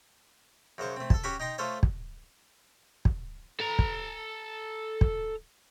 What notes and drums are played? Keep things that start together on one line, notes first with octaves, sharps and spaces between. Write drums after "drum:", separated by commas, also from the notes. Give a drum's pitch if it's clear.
F#2 C#3 C5 C#6
A3 C4
A4 A5, drum: kick
C#4 F#4 G4 G#5 B5 C#6
D#4 G5 A#5 C6
A3 F4 A4 C5 C#5
drum: kick
drum: kick
A4 A#5
drum: kick
drum: kick